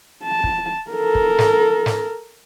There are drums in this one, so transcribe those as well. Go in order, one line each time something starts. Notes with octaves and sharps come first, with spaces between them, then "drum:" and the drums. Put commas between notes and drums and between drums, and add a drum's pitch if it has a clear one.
A5
drum: kick
A4 A#4
drum: kick
drum: snare
drum: snare